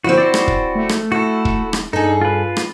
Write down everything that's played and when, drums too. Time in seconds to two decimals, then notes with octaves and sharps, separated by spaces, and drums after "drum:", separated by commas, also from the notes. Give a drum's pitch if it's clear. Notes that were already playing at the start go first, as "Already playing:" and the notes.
0.04 D3 F3 C4 E4 F#4
0.18 F#4 C5 D5
0.34 drum: rim click
0.48 drum: kick
0.75 A3
0.89 drum: rim click
1.12 E4 F#4 A4
1.45 drum: kick
1.73 drum: rim click
1.93 G2 D#4 G#4 A4
2.21 F4 B4
2.57 drum: rim click